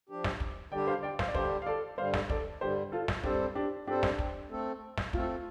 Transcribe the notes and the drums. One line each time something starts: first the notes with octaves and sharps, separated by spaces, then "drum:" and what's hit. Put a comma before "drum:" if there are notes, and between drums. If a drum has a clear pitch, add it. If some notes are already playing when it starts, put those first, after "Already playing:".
F3 D4 G4
drum: snare
drum: kick
D3 G3 D4 G4 D5 G5
C5 F5
D5 G5
C5 F5, drum: snare
D5
D3 G3 D4 G4 C5 F5, drum: kick
F5
A4 D5
G2 D3 G3 C5 F5
drum: snare
A4 D5, drum: kick
G2 D3 G3 G4 C5
F4 A4
drum: snare
G2 G3 C4 D4 G4 A4 C5, drum: kick
D4 G4
G2 G3 C4 D4 G4 A4 C5
drum: snare
drum: kick
A3 C4 A4
drum: snare
A3 C4 F4 A4, drum: kick